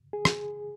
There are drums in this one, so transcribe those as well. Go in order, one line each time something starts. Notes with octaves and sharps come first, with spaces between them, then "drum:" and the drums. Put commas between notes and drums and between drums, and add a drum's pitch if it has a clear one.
G#4
drum: rim click